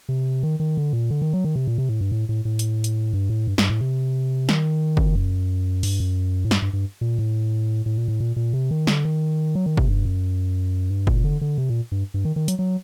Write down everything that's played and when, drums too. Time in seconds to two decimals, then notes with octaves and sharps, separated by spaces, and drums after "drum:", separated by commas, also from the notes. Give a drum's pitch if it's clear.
0.09 C3
0.43 D#3
0.60 D#3
0.77 D3
0.93 A#2
1.11 D3
1.22 D#3
1.33 F#3
1.44 D#3
1.56 C3
1.67 A#2
1.78 C3
1.89 A2
2.01 G2
2.12 A2
2.29 A2
2.45 A2
2.59 drum: hi-hat
2.84 drum: hi-hat
3.13 G2
3.30 A2
3.47 G2
3.58 G2, drum: snare
3.70 A2
3.81 C3
4.49 D#3, drum: snare
4.97 drum: kick
5.16 F#2
5.83 G2, drum: open hi-hat
6.00 F#2
6.45 A2
6.51 G2, drum: snare
6.62 G2
6.73 G2
7.01 A#2
7.19 A2
7.86 A2
7.98 A#2
8.08 A2
8.20 A#2
8.36 A#2
8.53 C3
8.71 D#3
8.87 D3, drum: snare
9.05 D#3
9.55 F#3
9.66 D#3
9.77 C3, drum: kick
9.88 G2
10.05 F#2
10.90 G2
11.07 A#2, drum: kick
11.24 D3
11.41 D3
11.58 C3
11.69 A#2
11.92 G2
12.14 G2
12.25 D#3
12.36 D#3
12.48 F#3, drum: hi-hat
12.59 F#3